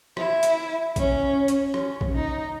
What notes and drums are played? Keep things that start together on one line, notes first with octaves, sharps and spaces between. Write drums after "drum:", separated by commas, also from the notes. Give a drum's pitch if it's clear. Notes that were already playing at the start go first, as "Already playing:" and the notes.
E4, drum: rim click
drum: hi-hat
C#4, drum: kick A#1, hi-hat
drum: hi-hat
C#4, drum: rim click
drum: kick A#1
D#4